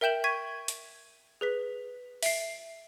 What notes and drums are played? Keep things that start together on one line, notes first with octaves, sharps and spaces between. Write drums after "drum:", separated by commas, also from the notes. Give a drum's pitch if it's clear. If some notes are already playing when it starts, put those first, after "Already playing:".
A#4 E5 G5 G6 E7 F#7
C#6 G#6 B6 D#7
drum: hi-hat
G#4 B4 B6
E5 C7, drum: open hi-hat